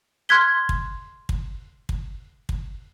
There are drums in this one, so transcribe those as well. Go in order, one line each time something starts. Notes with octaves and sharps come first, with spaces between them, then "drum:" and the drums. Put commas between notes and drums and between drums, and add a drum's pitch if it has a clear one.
C6 F6 F#6 G#6 B6 G7
drum: kick
drum: kick
drum: kick
drum: kick